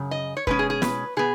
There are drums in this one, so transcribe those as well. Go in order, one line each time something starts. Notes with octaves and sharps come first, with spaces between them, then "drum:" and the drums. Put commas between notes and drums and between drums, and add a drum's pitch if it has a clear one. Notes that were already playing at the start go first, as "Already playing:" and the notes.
Already playing: F#2 C#3
D#5
C#5
B2 G#3 C#4 B4, drum: kick
G#4
G#4
B4, drum: snare
B2 B3 G#4